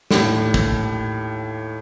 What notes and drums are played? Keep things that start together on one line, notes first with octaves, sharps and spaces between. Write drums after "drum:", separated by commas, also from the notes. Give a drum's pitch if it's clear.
D#2 A2, drum: snare
drum: kick